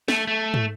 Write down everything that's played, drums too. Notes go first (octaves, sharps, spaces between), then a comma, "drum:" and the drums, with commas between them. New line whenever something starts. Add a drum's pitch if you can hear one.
A3, drum: snare
A3
drum: tom